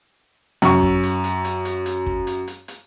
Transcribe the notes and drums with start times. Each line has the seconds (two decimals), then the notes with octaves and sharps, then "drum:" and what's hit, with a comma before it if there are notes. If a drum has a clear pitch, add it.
0.62 F#2 C#6, drum: hi-hat
0.83 drum: kick
1.03 drum: hi-hat
1.24 drum: hi-hat
1.45 drum: hi-hat
1.65 drum: hi-hat
1.86 drum: hi-hat
2.06 drum: kick
2.27 drum: hi-hat
2.48 drum: hi-hat
2.68 drum: hi-hat